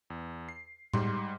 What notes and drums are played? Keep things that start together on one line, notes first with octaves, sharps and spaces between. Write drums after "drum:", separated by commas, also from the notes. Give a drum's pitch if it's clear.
E2
C7
G#2 G3 C6, drum: tom A2